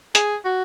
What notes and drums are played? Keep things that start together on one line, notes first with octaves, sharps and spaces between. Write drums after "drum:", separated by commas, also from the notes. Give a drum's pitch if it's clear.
G#4, drum: hi-hat
F#4